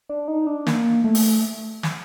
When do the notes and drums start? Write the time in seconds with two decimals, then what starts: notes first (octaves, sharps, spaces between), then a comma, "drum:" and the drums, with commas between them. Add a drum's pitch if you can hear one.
0.09 D4
0.28 D#4
0.47 D4
0.67 A#3, drum: snare
1.04 A3
1.15 drum: open hi-hat
1.83 drum: snare